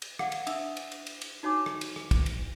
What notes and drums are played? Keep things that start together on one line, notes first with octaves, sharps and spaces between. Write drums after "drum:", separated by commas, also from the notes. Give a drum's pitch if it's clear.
drum: cymbal
D5 F5 F#5, drum: rim click
drum: cymbal
D4 E5 D#6 E6, drum: cymbal
drum: cymbal
drum: cymbal
drum: cymbal
drum: cymbal
D#4 F#4 C#5 G#5 D6
drum: rim click
drum: cymbal
drum: rim click
drum: kick, cymbal
drum: cymbal